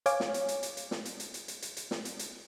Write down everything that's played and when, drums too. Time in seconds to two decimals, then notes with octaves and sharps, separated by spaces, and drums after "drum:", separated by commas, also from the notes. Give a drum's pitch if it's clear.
0.06 C#5 F5 G#5 D6, drum: hi-hat
0.20 drum: snare
0.34 drum: hi-hat
0.48 drum: hi-hat
0.63 drum: hi-hat
0.77 drum: hi-hat
0.91 drum: snare
1.05 drum: hi-hat
1.20 drum: hi-hat
1.34 drum: hi-hat
1.48 drum: hi-hat
1.62 drum: hi-hat
1.77 drum: hi-hat
1.91 drum: snare
2.05 drum: hi-hat
2.19 drum: hi-hat